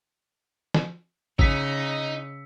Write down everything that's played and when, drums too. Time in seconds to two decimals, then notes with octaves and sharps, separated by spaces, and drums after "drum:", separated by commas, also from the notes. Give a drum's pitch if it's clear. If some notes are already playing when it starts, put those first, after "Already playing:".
0.74 drum: snare
1.39 C#3 D#4 E6 B6 C#7, drum: kick G#1